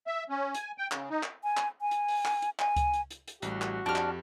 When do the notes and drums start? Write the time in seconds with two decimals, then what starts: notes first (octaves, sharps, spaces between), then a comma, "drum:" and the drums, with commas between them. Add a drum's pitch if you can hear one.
0.07 E5
0.30 C#4
0.54 G#5, drum: hi-hat
0.78 G5
0.92 C#3, drum: clap
1.10 D#4
1.23 drum: clap
1.44 G#5
1.57 drum: clap
1.81 G#5
1.91 drum: hi-hat
2.08 drum: open hi-hat
2.25 drum: clap
2.42 drum: hi-hat
2.59 G#5, drum: clap
2.76 drum: kick C#2, hi-hat
2.93 drum: hi-hat
3.11 drum: hi-hat
3.28 drum: hi-hat
3.42 A1 G3 F#4, drum: hi-hat
3.62 drum: clap
3.86 F2 D4 G4 F6
3.96 drum: clap